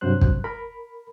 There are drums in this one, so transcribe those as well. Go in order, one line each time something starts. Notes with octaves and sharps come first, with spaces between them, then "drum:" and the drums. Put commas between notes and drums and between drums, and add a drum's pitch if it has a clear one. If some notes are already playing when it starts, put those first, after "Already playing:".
G2 C3 F#3 C5 F#6
drum: kick
A#4 B5